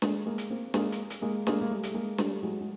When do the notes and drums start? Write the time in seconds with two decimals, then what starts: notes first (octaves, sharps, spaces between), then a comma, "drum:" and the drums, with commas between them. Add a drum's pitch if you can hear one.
0.02 G#3 A#3, drum: snare
0.26 G#3 A#3
0.38 drum: hi-hat
0.50 A#3 C4
0.74 G#3 A#3, drum: snare
0.92 drum: hi-hat
1.10 drum: hi-hat
1.22 G#3 A#3
1.47 G#3 A#3, drum: snare
1.61 A#3
1.71 G3 A3
1.83 A3, drum: hi-hat
1.94 G#3 A#3
2.18 G3 A3, drum: snare
2.42 F#3 G#3
2.61 G#3